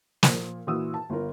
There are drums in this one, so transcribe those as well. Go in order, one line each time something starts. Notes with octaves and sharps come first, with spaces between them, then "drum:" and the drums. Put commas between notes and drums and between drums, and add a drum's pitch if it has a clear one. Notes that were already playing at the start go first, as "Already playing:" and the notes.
A#2 F3 A#3, drum: snare
A#2 E3 F#4 D#6 E6
A5
G1 F4 A#4